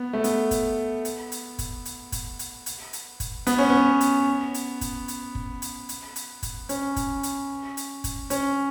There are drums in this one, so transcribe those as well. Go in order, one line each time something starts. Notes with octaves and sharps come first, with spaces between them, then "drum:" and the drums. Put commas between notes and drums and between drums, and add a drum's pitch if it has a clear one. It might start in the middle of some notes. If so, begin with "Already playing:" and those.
Already playing: B3
A3
B3, drum: hi-hat
drum: kick, hi-hat
drum: hi-hat
drum: hi-hat
drum: kick, hi-hat
drum: hi-hat
drum: kick, hi-hat
drum: hi-hat
drum: hi-hat
drum: hi-hat
drum: kick, hi-hat
B3, drum: hi-hat
C#4
B3
drum: hi-hat
drum: hi-hat
drum: kick, hi-hat
drum: hi-hat
drum: kick
drum: hi-hat
drum: hi-hat
drum: hi-hat
drum: kick, hi-hat
C#4, drum: hi-hat
drum: kick, hi-hat
drum: hi-hat
drum: hi-hat
drum: kick, hi-hat
C#4, drum: hi-hat